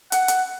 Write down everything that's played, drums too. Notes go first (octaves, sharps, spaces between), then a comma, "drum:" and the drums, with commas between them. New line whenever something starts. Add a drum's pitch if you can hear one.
F#5, drum: hi-hat
drum: hi-hat